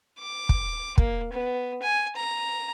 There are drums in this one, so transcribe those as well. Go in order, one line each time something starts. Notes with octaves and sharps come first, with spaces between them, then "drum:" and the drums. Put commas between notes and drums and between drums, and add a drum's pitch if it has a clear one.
D6
drum: kick
A#3, drum: kick
B3
G#5
A#5